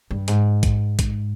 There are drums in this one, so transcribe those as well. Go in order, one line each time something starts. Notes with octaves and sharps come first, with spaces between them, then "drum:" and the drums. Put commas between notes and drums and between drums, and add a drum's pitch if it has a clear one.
G2
G#2, drum: hi-hat
drum: kick, hi-hat
G#2, drum: kick, hi-hat